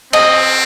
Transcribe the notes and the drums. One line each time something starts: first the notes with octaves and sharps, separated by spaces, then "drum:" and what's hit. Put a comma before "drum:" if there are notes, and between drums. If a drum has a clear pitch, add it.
C4 D#5, drum: cymbal